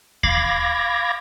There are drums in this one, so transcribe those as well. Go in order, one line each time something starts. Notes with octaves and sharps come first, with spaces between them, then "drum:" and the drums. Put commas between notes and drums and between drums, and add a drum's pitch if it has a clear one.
F5 B5 D6 G#6 A#6, drum: kick D#2